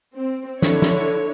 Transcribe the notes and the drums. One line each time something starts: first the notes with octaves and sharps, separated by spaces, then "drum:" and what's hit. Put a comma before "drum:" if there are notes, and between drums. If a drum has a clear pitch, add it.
C4
D3 E4 C#5, drum: snare
drum: snare